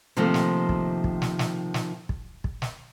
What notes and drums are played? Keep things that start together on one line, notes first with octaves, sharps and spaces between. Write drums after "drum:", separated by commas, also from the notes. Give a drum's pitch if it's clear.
C3 D#3 F3 A3 A#3
drum: snare
drum: kick
drum: kick
drum: snare
drum: snare
drum: snare
drum: kick
drum: kick
drum: snare